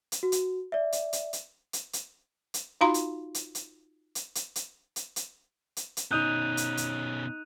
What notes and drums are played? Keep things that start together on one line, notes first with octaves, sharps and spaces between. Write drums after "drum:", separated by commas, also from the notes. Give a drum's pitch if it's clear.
drum: hi-hat
F#4
drum: hi-hat
D5 E5
drum: hi-hat
drum: hi-hat
drum: hi-hat
drum: hi-hat
drum: hi-hat
drum: hi-hat
D#4 F4 F#4 F5 A#5 C6
drum: hi-hat
drum: hi-hat
drum: hi-hat
drum: hi-hat
drum: hi-hat
drum: hi-hat
drum: hi-hat
drum: hi-hat
drum: hi-hat
drum: hi-hat
B2 C#4 D#4 D#6 F#6 G6 D#7 F7
drum: hi-hat
drum: hi-hat